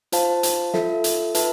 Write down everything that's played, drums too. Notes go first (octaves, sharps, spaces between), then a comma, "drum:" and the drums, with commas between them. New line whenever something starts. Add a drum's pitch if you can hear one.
F4 C5 F5 A5, drum: hi-hat
drum: hi-hat
F4 A4 E5, drum: snare
drum: hi-hat
F4 B4 E5 A5, drum: hi-hat